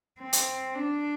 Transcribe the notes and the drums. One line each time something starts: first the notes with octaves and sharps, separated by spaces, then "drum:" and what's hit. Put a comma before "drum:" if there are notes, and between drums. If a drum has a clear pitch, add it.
C4
drum: hi-hat
D4